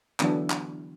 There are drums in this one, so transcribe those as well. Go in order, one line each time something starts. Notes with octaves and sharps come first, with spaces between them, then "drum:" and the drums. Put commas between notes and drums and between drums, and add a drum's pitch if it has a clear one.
D3 E3 F#3 B3 D4 E4, drum: clap
drum: clap